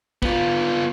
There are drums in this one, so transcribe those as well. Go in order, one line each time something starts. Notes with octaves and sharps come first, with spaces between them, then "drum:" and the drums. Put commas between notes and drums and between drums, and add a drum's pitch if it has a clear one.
B3 F4, drum: kick